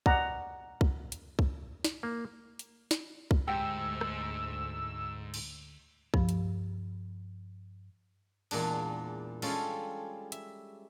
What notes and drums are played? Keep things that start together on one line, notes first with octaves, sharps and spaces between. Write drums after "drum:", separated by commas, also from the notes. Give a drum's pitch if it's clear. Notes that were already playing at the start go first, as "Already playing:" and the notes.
D5 F#5 A#5, drum: kick
drum: kick
drum: hi-hat
drum: kick
drum: snare
A#3
drum: hi-hat
drum: snare
drum: kick
D2 G#2 G4 G5 E6
drum: rim click
drum: cymbal
G2 F3, drum: kick
drum: hi-hat
E2 A#2 G#3 D4, drum: cymbal
G3 G#3 C#4 F4 A4, drum: cymbal
E5, drum: hi-hat